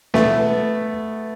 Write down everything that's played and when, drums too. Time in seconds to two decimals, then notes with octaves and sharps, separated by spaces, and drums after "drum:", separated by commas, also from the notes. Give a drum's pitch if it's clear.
0.14 A3 B3, drum: snare